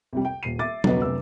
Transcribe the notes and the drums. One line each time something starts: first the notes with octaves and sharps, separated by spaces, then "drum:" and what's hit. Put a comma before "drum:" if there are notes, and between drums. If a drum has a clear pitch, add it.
C2 F2 G3
G5
D#1 C7 D#7
E5 D6 A6
E1 C#2 F#3 B3 B4 D#5, drum: tom F#3
F1 C2 B4 E6